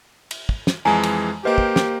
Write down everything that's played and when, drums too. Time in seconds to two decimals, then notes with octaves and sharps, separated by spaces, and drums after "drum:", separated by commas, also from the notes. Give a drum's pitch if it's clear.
0.31 drum: cymbal
0.49 drum: kick
0.67 drum: snare
0.85 F2 E3 G#3 G#5 A#5
1.03 drum: cymbal
1.45 A#3 G4 B4 C5 D#5
1.58 drum: kick
1.76 drum: snare